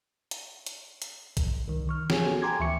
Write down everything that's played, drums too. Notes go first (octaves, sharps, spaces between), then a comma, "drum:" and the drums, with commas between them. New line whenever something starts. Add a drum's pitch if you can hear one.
drum: hi-hat
drum: hi-hat
drum: hi-hat
drum: kick A1, hi-hat
C2 D#3
D#3 C#6 F6
F4 G4 G#4 C#5 G#5, drum: snare
B3 C#4 F#4 G#4 A4
G5 G#5 A#5 C6 D6 G#6
D2 E3 E5 C#6 C#7